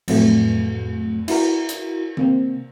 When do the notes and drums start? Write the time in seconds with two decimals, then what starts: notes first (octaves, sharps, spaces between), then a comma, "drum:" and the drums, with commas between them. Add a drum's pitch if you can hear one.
0.08 F2 A2 C3 F#3 A3, drum: cymbal
1.28 E4 F#4 A#4, drum: cymbal
1.69 drum: hi-hat
2.17 C3 A#3 C4, drum: tom D#3